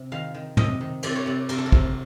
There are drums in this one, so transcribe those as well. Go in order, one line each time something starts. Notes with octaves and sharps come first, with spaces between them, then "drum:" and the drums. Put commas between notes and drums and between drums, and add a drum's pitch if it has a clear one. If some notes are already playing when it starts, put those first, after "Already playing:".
Already playing: C3
D#3 F5
D#3
C3 D#5, drum: tom
D#3
C3 D5, drum: cymbal
C#5
C3 D5
C3 A#4, drum: cymbal
A4
A#4
C3, drum: kick